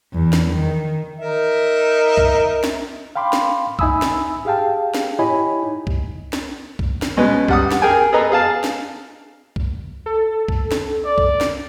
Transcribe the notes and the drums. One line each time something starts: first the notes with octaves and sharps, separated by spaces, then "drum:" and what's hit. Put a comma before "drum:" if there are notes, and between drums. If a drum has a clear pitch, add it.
E2
drum: snare
D#3
D#4 A#4 E5
drum: kick
drum: snare
F5 G5 B5 C6 D6
drum: snare
D#4 E5 G#5 B5 D#6 E6, drum: kick
drum: snare
G4 G#4 F5 G5 A5
drum: snare
E4 G4 C#5 D#5 G#5 B5
D#4
drum: kick
drum: snare
drum: kick
drum: snare
B2 G#3 C#4 B4
G3 F#5 D#6, drum: kick
drum: snare
G#4 A#4 G5 G#5
G#4 A4 B4 D#5 A#5
G#4 F5 A5
drum: snare
drum: kick
A4
drum: kick
drum: snare
D5
drum: kick
drum: snare